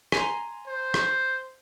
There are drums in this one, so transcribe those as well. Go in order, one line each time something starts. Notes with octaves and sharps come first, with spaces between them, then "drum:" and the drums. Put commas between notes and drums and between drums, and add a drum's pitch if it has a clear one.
G#5 A#5 C6, drum: rim click
C5
drum: rim click